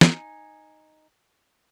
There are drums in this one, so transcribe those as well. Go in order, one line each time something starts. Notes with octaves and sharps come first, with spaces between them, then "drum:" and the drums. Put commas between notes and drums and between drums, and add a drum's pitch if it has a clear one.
D#4 G#5, drum: snare